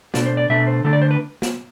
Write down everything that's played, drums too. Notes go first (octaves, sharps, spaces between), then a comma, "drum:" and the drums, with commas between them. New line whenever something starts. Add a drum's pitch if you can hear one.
B2 A3 D4, drum: snare
C5
D5
B2 A3 D4 E5
C5
D3 A3 D4 A4
D5
C5
B4
drum: snare